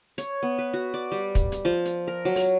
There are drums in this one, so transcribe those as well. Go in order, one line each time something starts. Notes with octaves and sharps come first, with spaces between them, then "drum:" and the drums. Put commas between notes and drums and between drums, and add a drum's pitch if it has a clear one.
C#5, drum: hi-hat
B3
B4
F#4
D5
G3
drum: kick, hi-hat
drum: hi-hat
F3
drum: hi-hat
A#4
F#3
drum: open hi-hat